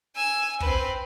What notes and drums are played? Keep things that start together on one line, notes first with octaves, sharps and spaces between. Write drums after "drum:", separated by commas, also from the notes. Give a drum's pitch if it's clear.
G#5 E6
C4 B4, drum: kick